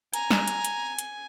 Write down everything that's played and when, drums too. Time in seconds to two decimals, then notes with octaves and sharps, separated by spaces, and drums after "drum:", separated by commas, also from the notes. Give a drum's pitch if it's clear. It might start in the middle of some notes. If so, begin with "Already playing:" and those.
0.14 G#5 A#5, drum: hi-hat
0.31 drum: snare
0.48 drum: hi-hat
0.65 drum: hi-hat
0.99 drum: hi-hat